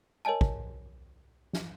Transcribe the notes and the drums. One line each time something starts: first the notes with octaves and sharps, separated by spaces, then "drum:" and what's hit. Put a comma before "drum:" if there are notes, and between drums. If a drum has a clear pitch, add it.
A#4 C#5 D#5 G#5 A5
drum: kick
drum: snare